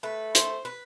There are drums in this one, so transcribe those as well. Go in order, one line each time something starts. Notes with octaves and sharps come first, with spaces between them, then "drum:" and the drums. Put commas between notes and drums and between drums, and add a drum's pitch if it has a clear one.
A3 B4
C5, drum: hi-hat
B4